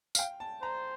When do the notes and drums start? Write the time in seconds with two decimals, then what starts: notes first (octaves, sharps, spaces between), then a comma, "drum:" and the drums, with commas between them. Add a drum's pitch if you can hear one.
0.15 F5, drum: tambourine
0.19 G5
0.40 A5
0.62 C5 A#5